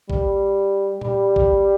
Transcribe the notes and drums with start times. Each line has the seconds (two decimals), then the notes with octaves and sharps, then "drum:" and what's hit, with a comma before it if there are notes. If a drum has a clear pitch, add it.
0.10 G3, drum: kick A1
1.01 G3, drum: tom A#2
1.36 drum: kick A1